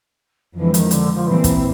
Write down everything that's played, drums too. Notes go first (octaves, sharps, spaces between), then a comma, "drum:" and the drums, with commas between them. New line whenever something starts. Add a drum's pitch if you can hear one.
F2 D3 E3 F3 G#3
D#3, drum: hi-hat
D3, drum: hi-hat
F3
A#2 E3 G3 C4
drum: kick, hi-hat